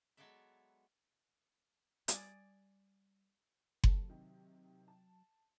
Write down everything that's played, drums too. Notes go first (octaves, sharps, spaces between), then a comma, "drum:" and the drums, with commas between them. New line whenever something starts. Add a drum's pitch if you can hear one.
F#3 G#3 B3 A4 D5 E5
G3 D5 G#5 D#6, drum: hi-hat
D#2 F#3 A4, drum: kick F#1
C3 D#3
A5